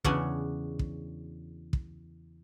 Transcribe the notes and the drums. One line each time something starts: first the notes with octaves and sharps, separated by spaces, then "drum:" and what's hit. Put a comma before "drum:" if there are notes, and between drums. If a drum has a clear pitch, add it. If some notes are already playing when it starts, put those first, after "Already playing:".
E2 C#3 D4 F#4 C#5 G#5, drum: kick
drum: kick
drum: kick